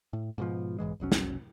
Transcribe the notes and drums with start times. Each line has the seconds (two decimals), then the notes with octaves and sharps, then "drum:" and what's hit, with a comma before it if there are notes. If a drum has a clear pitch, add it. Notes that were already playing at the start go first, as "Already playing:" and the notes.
0.13 A2
0.38 G#2 B2 F3
0.79 B1 G#2 E3 G#3
1.00 F1 B1 F#3 C#4
1.12 drum: snare